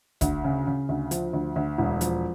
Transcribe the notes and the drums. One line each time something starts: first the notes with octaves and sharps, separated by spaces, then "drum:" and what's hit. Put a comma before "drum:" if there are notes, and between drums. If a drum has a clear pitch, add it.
D2, drum: kick, hi-hat
C#3
C#3
D2
F3, drum: hi-hat
D2
D2
E1
F3, drum: hi-hat